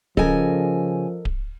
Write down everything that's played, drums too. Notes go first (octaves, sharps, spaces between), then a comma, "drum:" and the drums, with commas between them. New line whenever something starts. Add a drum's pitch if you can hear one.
C#3 F3 A4 A#4 D#5 G#5, drum: kick D1
drum: kick D1